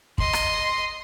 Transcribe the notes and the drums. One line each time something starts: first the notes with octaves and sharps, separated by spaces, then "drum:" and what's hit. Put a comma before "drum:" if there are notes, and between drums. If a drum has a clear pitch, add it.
D#5 C6, drum: kick
drum: rim click